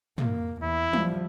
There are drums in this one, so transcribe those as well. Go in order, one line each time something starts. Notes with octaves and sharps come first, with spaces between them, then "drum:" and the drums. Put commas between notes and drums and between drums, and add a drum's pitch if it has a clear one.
A#3, drum: tom
E2 E4
F3 G3, drum: tom